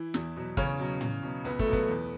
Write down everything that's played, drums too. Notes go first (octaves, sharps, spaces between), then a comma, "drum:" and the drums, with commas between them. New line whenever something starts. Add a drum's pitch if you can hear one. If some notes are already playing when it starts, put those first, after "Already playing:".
Already playing: E3 E4
E2, drum: snare
B2 F#3
E2 C#3 C#4, drum: kick
B2 F#3
E2, drum: tom A2
B2 F#3
C#2 B3
A3, drum: kick
B2 F#3
B3, drum: kick
E2